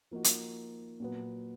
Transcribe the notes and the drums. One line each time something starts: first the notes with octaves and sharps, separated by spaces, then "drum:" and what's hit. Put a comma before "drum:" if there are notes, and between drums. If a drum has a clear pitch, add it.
F3 A#3 D#4 F#4
drum: hi-hat
A#2 F#3 B3